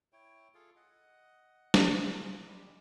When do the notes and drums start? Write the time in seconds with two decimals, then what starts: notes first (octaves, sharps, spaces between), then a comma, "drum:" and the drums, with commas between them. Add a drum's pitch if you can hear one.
0.13 E4 C#5 G5
0.54 F4 G#4 A4
0.76 D#5 F#5
1.74 drum: snare
2.02 G#4 A#4
2.47 G3 G#3 G4